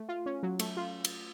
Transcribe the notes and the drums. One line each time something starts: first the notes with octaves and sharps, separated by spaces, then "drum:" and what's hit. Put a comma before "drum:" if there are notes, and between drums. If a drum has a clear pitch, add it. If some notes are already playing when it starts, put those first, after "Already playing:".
Already playing: A3
F4
C#4
F#3
A3, drum: cymbal
F4
drum: cymbal